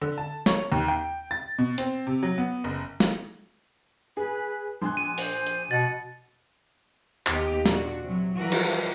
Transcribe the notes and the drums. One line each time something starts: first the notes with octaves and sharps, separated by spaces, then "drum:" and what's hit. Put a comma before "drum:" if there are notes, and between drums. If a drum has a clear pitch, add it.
D3
A5
C#5, drum: snare
D#2
G5
A6
B2
C4, drum: hi-hat
C3
F#3
B3
F#1
drum: snare
G#4 B4
A#1 G#5 C6 F#6
D#7
C5, drum: open hi-hat
drum: hi-hat
B2 F#5 A6
D#2 B3 G4 D#5, drum: clap
A#2 D4 F#4, drum: snare
C3 F#3
E3 F3 G3 F#4 A#4 B4
drum: cymbal